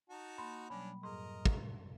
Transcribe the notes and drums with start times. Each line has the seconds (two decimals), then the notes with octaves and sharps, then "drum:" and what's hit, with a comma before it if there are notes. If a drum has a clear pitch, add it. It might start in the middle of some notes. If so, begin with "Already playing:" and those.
0.09 D#4 F#4 A5
0.38 A#3 F#5 B5 C6
0.70 B2 F#3 G3 C#4 D4 B5
1.03 F#2 A2 G#4 A#4 D#5 C6
1.46 drum: kick